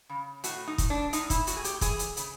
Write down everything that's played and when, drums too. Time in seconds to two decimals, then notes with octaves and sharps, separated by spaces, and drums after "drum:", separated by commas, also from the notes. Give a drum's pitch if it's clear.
0.09 C#3
0.44 A2 F#4, drum: hi-hat
0.67 D#4
0.78 A2, drum: kick, hi-hat
0.90 D4
1.13 A2 D#4, drum: hi-hat
1.30 E4, drum: kick, hi-hat
1.47 A2 F#4, drum: hi-hat
1.56 G#4
1.64 G4, drum: hi-hat
1.81 E3 G#4, drum: kick, hi-hat
1.99 drum: hi-hat
2.17 C#3, drum: hi-hat